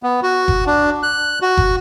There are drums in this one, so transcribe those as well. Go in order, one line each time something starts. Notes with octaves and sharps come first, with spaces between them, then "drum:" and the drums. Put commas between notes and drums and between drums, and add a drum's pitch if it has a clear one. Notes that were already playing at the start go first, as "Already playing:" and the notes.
B3
F#4
drum: kick F#1
D4
F#6
F#4
drum: kick F#1